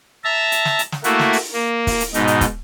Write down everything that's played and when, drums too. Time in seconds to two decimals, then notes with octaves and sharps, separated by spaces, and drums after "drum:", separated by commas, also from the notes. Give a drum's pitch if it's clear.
0.24 E5 A5 A#5
0.52 drum: hi-hat
0.65 drum: snare
0.79 drum: hi-hat
0.92 drum: snare
1.04 A3 A#3 E4 F#4, drum: hi-hat
1.19 drum: snare
1.33 drum: open hi-hat
1.53 A#3
1.87 drum: kick, open hi-hat
2.00 drum: hi-hat
2.14 G#2 B2 D#4, drum: hi-hat
2.27 drum: hi-hat
2.41 drum: kick, hi-hat